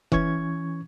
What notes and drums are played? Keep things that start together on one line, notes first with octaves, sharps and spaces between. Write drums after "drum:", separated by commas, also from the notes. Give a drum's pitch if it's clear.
E3 C#4 C#6 G#6, drum: kick F1